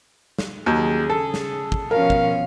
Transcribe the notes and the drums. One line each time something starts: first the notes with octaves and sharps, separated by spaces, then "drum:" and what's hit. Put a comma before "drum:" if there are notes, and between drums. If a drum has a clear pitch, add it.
drum: snare
D#2 C#3 F#3 G#4
A4
drum: snare
drum: kick
B2 F3 C#4 A#4 F5
drum: kick